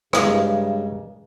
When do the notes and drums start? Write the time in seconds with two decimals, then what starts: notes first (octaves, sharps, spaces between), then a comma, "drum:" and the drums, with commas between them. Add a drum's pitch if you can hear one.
0.13 G2 C#3 G#3 A#4, drum: rim click